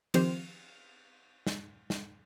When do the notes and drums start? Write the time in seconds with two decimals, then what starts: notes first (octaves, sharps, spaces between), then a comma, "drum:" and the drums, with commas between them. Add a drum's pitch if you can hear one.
0.14 D#3 F3 C4 G4 C5, drum: cymbal
1.47 drum: snare
1.90 drum: snare